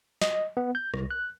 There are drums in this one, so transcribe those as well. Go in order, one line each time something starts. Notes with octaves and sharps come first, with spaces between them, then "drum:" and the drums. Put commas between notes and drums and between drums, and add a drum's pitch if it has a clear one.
D#5, drum: snare
B3
G6
C2, drum: rim click
F#6